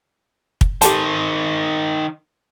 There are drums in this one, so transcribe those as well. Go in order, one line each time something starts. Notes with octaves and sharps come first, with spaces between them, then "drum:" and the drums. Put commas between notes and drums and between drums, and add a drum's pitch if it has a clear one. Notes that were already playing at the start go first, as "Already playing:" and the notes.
drum: kick
D#3 G4 A4 C5 A5, drum: hi-hat